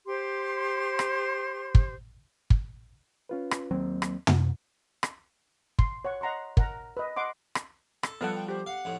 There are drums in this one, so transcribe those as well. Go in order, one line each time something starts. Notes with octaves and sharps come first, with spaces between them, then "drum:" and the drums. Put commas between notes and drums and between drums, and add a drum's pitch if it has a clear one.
G4 C5 C6
drum: rim click
drum: kick
drum: kick
C#4 F4 B4
drum: rim click
D#2 F#3 A#3 C4
drum: rim click
drum: tom
drum: rim click
C6, drum: kick
C#5 F#5 C#6
D#5 F#5 A#5 C6 C#6
A#4 F#5 A#5, drum: kick
B4 D#5
D#5 F#5 C6 D6
drum: rim click
A4, drum: rim click
F3 G3 B3 A4 F#5
G5
G4 C5
F5 F#5
F2 A2